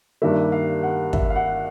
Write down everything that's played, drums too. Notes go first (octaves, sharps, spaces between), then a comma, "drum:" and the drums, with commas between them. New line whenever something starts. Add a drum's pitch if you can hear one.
G2 D#3 G3 A#3 E5
F5
F#5
E5, drum: kick
F5
F#5